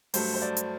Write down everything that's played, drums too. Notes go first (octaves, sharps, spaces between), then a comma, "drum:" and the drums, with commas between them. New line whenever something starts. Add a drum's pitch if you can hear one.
G2 F#3 A3 C5, drum: open hi-hat
C5
D5
drum: hi-hat